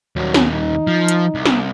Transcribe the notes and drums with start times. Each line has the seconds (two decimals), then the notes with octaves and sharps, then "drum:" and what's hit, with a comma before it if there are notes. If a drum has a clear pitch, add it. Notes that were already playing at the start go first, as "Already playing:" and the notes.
0.16 D#2 F#3 G3
0.34 drum: snare
0.50 D#4
0.87 F3
1.08 drum: hi-hat
1.35 C2
1.45 drum: snare